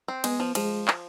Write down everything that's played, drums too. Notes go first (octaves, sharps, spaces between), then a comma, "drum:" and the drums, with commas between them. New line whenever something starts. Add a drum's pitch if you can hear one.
C4
G#3 B3, drum: cymbal
F3
F3 G#3, drum: cymbal
drum: clap